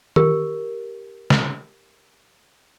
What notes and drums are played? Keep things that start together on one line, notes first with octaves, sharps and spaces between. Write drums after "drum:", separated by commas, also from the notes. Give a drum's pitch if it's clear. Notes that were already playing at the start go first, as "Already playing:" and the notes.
G4 A#4, drum: tom D#3
drum: snare